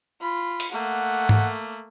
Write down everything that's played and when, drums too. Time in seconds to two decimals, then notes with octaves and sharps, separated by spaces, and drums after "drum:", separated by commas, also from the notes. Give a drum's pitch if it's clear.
0.21 F4 B5
0.60 drum: open hi-hat
0.72 A3 A#3 F#5
1.29 drum: tom G#2